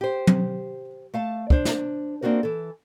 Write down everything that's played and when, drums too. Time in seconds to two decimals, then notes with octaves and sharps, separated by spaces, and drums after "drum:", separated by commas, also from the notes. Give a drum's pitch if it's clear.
0.01 G4 C5
0.27 drum: tom
1.14 A3 F5 A5
1.50 D4 C5, drum: kick
1.65 drum: snare
2.22 A#3 C4 D4 F#4 A#4
2.43 E3 A4